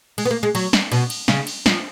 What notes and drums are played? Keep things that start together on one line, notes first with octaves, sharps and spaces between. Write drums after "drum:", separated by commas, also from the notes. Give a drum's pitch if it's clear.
G#3, drum: cymbal
B3
A#3
G#3
F#3, drum: cymbal
drum: snare
B2, drum: cymbal
drum: cymbal
C#3, drum: snare
drum: cymbal
F3, drum: snare